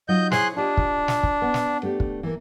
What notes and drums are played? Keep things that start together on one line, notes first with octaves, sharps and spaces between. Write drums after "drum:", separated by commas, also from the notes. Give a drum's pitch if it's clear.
F#3 D#4 F4 D#5 G6
E4 G#4 C5 C#5 C6 F#6, drum: snare
D4 F4 G4 D#5
drum: kick
drum: snare
drum: kick
B3
drum: snare
A3 D4 G4
drum: kick
E3 A#3